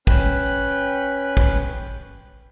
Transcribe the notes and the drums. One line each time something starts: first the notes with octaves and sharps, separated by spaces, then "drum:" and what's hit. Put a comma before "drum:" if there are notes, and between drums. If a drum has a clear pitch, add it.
C#4 B4 G5 F#6, drum: kick
drum: kick